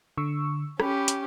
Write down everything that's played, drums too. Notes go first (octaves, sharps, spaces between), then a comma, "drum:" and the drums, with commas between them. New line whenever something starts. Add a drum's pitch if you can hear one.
D3 C#6 E6
C#4 G4 B5, drum: rim click
drum: hi-hat